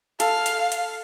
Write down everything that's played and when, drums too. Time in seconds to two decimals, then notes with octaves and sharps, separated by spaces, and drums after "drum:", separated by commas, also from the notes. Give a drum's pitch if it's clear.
0.20 A4 F5, drum: hi-hat
0.46 drum: hi-hat
0.72 drum: hi-hat